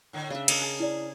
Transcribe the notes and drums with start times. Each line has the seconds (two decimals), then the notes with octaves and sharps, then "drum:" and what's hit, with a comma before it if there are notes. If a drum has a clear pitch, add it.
0.13 A2 D3
0.30 C#3 D4 E5
0.48 A#4 D#5 A5, drum: cymbal
0.62 G#4
0.80 E4 D5